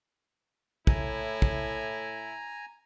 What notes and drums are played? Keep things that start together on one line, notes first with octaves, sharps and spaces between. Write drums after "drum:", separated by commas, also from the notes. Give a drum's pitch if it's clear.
A2 E4 G#5 A#5, drum: kick
drum: kick